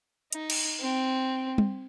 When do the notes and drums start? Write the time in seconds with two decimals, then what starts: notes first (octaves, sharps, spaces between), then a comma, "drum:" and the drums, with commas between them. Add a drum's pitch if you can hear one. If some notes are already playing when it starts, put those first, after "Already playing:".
0.32 D#4, drum: hi-hat
0.50 drum: cymbal
0.81 C4
1.58 drum: tom